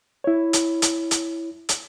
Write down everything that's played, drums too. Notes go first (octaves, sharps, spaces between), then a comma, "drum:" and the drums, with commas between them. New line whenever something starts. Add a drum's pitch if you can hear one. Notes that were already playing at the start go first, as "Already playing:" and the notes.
E4 C#5
drum: hi-hat
drum: hi-hat
drum: hi-hat
drum: hi-hat